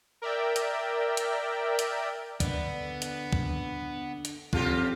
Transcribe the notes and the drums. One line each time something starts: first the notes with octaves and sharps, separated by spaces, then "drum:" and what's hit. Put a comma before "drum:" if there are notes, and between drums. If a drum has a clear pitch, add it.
A#4 D5 E5 G5
drum: hi-hat
drum: hi-hat
drum: hi-hat
D3 B3, drum: kick, hi-hat
drum: hi-hat
drum: kick
drum: hi-hat
F2 C#3 F4 G4, drum: kick